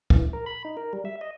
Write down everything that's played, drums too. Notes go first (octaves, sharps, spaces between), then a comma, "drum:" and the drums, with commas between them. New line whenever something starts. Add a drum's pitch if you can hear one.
E3, drum: kick
A#4
B5
D#4
A#4
G3
E5
D#5